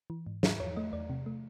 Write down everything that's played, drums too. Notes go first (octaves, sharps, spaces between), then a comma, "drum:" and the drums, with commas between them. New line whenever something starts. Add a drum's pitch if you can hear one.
E3
G#2
G#2, drum: snare
E2 C#5
A3 D#5
E2 D5
C3
A3